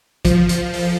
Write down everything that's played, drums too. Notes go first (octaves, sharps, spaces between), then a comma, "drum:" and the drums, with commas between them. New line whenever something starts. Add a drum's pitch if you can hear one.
F3, drum: kick, hi-hat
drum: hi-hat
drum: open hi-hat